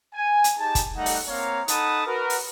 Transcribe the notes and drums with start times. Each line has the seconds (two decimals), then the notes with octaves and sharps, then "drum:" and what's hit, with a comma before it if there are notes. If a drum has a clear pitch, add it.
0.14 G#5
0.44 drum: hi-hat
0.58 D#4 G4 G#4 A5
0.75 drum: kick, hi-hat
0.96 G3 A3 D#4 F#5
1.06 drum: open hi-hat
1.28 A#3 C4 C#5 F5 A#5
1.68 D#4 A4 F#5 A5 B5 D#6, drum: hi-hat
2.06 F#4 A#4 B4
2.30 drum: open hi-hat